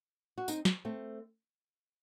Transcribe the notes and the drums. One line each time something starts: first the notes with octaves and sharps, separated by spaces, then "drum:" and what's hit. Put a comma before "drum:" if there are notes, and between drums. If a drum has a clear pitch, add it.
F#4
C4 D#4, drum: tambourine
drum: snare
A3 C4